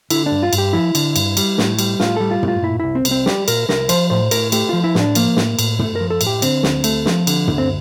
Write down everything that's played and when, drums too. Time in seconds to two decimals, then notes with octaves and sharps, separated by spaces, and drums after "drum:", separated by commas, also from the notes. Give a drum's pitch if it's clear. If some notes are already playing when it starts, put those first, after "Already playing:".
0.10 D3 E4, drum: cymbal
0.26 G2 D4
0.43 F4
0.53 G2, drum: cymbal
0.58 G4
0.73 F3 E4
0.95 D3, drum: cymbal
1.16 G2, drum: cymbal
1.37 G3, drum: cymbal
1.58 A2, drum: snare
1.79 G3, drum: cymbal
2.00 A2 F4, drum: snare
2.16 G3 A4
2.31 F4
2.43 A2, drum: tom
2.48 F4
2.63 A#2 E4
2.80 C2 E4
2.95 C4
3.05 C2, drum: cymbal
3.11 C4
3.26 G3 G4, drum: snare
3.48 A#2 A#4, drum: cymbal
3.69 C2 A#4, drum: snare
3.89 F3 C5, drum: cymbal
4.10 A2 C5
4.31 A2 A#4, drum: cymbal
4.52 A3 G4, drum: cymbal
4.69 F3 F4
4.84 E4
4.95 A2 D4, drum: snare
5.15 F3 A#3, drum: cymbal
5.36 A2, drum: snare
5.59 A2, drum: cymbal
5.79 A3, drum: tom
5.96 F3 A#4
6.10 A4
6.21 A2, drum: cymbal
6.27 G4
6.42 D3 C4, drum: cymbal
6.63 D2, drum: snare
6.84 A3, drum: cymbal
7.06 F3, drum: snare
7.27 D3, drum: cymbal
7.48 D2, drum: tom
7.58 C4